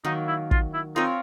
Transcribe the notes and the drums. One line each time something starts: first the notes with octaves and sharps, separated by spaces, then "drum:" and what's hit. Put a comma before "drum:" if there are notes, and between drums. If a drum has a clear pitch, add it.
D#3 F#3 A#3 D#4
E4
F4, drum: kick
E4
C4 D#4 F4 A#4 C#5